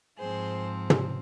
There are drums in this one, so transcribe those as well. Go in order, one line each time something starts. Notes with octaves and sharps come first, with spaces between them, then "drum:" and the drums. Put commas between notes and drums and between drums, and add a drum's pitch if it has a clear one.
G#2 F3 C4 G#4 C5
drum: tom